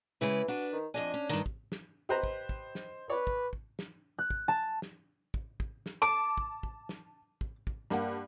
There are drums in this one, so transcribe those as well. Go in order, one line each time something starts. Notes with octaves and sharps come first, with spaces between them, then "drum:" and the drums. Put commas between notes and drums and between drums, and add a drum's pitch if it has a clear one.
C#3 E3 G#3 B4
D4 F#4 B4
D#3
F2 D4 D#5 G#5
C#4
G2 D#3
drum: kick
drum: snare
G4 B4 C5 D#5 A#5
drum: kick
drum: kick
drum: snare
B4 C#5 D5
drum: kick
drum: kick
drum: snare
F#6
drum: kick
A5
drum: snare
drum: kick
drum: kick
drum: snare
A5 D6
drum: kick
drum: kick
drum: snare
drum: kick
drum: kick
G2 A#3 F#5, drum: snare